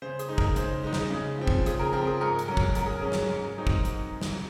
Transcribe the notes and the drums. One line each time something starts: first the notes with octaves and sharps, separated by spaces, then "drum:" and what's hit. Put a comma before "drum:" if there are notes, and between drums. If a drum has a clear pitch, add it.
C#3 C5
G#4, drum: hi-hat
G#3 D#4
A#4, drum: kick
C#3 C5, drum: hi-hat
G#3 D#4
drum: snare
C#3
F3 C4
drum: kick
C#3 G#4, drum: hi-hat
A#4
F3 C4 A#4
G#4
G#2 A#4
drum: hi-hat
F#3 C#4 A#4
drum: kick
G#2 A#4, drum: hi-hat
G#4
A#4
F#3 C#4
drum: snare
G#2
F#3 C4 D#4
drum: kick
drum: hi-hat
drum: snare